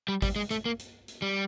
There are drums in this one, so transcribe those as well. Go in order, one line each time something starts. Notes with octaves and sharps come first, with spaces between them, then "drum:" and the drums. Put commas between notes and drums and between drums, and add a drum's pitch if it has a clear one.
G3
G3, drum: kick, open hi-hat
G#3
A3, drum: hi-hat
A#3
drum: hi-hat
drum: hi-hat
G3